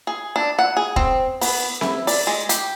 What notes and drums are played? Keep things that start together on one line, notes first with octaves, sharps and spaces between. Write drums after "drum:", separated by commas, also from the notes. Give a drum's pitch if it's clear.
G#4
D4
F#5
G#4
C4, drum: kick
B3, drum: open hi-hat
E4, drum: snare C4
D5, drum: open hi-hat
G#3
G4, drum: hi-hat